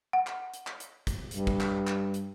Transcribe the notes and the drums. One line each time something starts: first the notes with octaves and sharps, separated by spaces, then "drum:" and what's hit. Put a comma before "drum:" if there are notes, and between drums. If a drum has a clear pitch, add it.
F#5
drum: clap
drum: hi-hat
drum: clap
drum: hi-hat
drum: kick, hi-hat
G2, drum: hi-hat
drum: kick
drum: clap
drum: clap
drum: hi-hat